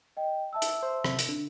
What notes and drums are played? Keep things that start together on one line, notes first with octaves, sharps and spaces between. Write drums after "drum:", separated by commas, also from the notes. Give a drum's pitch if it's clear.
D#5 G5
E5 A5 E6
drum: hi-hat
C5
C3, drum: rim click
drum: hi-hat
D3